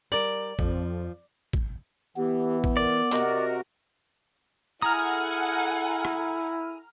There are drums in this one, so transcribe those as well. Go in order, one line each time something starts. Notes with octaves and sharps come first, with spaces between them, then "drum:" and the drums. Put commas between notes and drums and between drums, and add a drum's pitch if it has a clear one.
G3 A#4 D5
F2 F3, drum: kick
drum: kick
E3 B3 G4
drum: kick
A#4 D5
C3 F#4 A#4 D#5, drum: clap
E4 G#4 A4 F#5 G#5 A#5 D#6 F6
drum: rim click